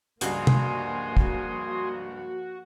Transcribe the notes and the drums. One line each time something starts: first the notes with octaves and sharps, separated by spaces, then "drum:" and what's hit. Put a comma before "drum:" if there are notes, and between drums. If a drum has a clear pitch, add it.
C#2 G2 F3 A#3 F#4 G#5 C6 D#6, drum: hi-hat
drum: tom
drum: kick